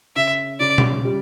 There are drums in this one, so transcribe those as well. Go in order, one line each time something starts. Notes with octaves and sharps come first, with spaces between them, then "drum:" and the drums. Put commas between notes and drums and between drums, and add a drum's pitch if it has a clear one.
C#3 E5
C#3 D5
drum: tom B2
G3